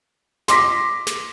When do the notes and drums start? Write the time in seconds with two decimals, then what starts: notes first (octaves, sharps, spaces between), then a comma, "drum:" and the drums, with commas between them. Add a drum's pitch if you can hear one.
0.48 C6 D6 A#6 B6, drum: snare
1.07 drum: snare